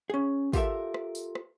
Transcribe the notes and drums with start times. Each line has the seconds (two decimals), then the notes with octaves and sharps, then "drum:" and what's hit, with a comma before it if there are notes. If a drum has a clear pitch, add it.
0.10 C#4 G#4
0.53 F4 G4 A4 A#4 E5, drum: kick, tambourine
0.94 drum: rim click
1.15 drum: tambourine
1.35 drum: rim click